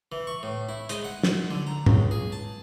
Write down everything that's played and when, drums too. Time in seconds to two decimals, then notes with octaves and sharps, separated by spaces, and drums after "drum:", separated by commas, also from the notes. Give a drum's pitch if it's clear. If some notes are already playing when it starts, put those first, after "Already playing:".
0.12 E3
0.27 C#6
0.43 A2
0.69 E4
0.89 G#3, drum: hi-hat
1.05 F#5
1.23 drum: snare
1.51 D3
1.67 A#5
1.86 C#2, drum: tom G#2
2.11 G#4
2.32 A5